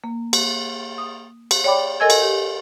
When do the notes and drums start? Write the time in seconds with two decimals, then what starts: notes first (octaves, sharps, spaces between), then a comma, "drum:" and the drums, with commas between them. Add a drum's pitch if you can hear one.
0.04 A#3
0.33 drum: cymbal
0.98 D#6
1.51 drum: cymbal
1.64 C#5 D5 G5 B5 D6
2.00 A4 A#4 D#5 G#5 E6 G#6
2.10 drum: cymbal
2.22 G4